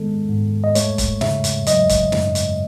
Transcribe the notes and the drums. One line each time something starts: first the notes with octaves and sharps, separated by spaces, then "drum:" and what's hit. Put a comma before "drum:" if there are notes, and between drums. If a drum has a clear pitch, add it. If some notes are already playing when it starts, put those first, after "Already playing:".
Already playing: D#3 G#3 B3 A4
G#2
D#5
A3 C#5, drum: hi-hat
drum: kick E1, hi-hat
C#3 E5, drum: snare
drum: hi-hat
F#3 D#5, drum: hi-hat
drum: kick E1, hi-hat
F#2, drum: snare
drum: hi-hat